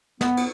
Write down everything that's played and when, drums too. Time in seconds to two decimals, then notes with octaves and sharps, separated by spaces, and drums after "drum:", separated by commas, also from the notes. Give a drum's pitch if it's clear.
0.21 B3, drum: snare
0.37 drum: cymbal